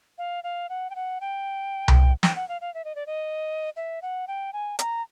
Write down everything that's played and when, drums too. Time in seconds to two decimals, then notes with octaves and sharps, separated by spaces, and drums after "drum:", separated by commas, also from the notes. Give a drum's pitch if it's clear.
0.18 F5
0.44 F5
0.69 F#5
0.90 G5
0.95 F#5
1.21 G5
1.88 drum: tom C2
2.23 G5, drum: snare
2.36 F#5
2.49 F5
2.61 F5
2.74 E5
2.85 D#5
2.95 D5
3.06 D#5
3.76 E5
4.02 F#5
4.28 G5
4.53 G#5
4.79 A#5, drum: hi-hat